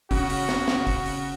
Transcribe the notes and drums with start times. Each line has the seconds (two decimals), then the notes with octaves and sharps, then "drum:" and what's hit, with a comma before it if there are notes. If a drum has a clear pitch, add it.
0.11 C#3 F#4, drum: kick, open hi-hat
0.30 drum: open hi-hat
0.49 drum: snare
0.68 drum: snare
0.87 drum: kick, open hi-hat
1.06 drum: open hi-hat